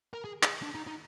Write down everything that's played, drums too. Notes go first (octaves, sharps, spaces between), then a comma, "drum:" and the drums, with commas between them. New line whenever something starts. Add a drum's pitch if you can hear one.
A#4
G#4
G#4, drum: clap
D4
D#4
D#4